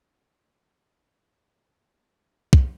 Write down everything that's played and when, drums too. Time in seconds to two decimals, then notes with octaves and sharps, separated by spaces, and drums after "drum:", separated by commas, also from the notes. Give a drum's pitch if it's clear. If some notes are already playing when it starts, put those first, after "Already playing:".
0.14 A#1 G2 A#2 A4
2.53 drum: kick